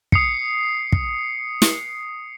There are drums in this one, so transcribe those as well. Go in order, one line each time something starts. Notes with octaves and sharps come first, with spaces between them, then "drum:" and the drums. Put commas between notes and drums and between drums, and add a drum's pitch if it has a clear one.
D#6 C7 C#7, drum: kick
drum: kick
drum: snare